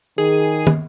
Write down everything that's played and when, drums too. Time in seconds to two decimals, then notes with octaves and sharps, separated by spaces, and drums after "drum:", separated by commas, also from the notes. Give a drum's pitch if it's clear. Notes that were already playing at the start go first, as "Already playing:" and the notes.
0.18 D#3 G#4
0.67 drum: tom